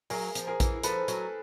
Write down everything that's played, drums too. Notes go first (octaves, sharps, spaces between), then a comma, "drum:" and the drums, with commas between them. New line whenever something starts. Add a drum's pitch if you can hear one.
F#3 G#4 A#4, drum: open hi-hat
F3, drum: hi-hat
G#4 A#4
E3, drum: kick A#1, hi-hat
F3 A4 B4, drum: hi-hat
F#3, drum: hi-hat